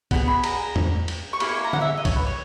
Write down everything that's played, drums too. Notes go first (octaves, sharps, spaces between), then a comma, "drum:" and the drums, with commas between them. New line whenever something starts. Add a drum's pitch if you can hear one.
B3 E4 G#4, drum: kick, cymbal
B5
A#5, drum: cymbal
drum: tom E2
drum: cymbal
C#6
A#3 E4 G#4 B5, drum: cymbal
C#6
B5
A#5
F#5, drum: tom
E5
D#5
C#5, drum: kick, cymbal
B4
C#5